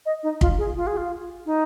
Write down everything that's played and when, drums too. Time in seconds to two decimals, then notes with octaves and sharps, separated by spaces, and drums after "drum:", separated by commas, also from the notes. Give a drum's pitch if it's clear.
0.06 D#5
0.23 D#4
0.41 F4, drum: kick
0.58 G#4
0.76 F4
0.87 G#4
0.97 F4
1.46 D#4